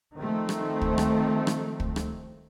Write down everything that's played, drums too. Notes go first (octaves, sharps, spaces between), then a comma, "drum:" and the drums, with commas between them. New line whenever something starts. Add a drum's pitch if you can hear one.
D#3 F3 A3 C4
drum: rim click
drum: kick
drum: rim click
drum: rim click
drum: kick
drum: rim click